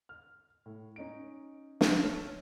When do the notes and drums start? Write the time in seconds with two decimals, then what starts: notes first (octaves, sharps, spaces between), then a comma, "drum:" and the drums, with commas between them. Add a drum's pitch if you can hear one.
0.09 F6
0.66 A2
0.96 C#4 D#4 D7
1.81 drum: snare
2.00 A4 C#5 F6